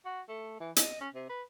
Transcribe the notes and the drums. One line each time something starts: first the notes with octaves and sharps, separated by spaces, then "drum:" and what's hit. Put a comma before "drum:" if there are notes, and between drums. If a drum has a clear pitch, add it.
F#4
A3
E3
D#5, drum: hi-hat
C#4
C3
B4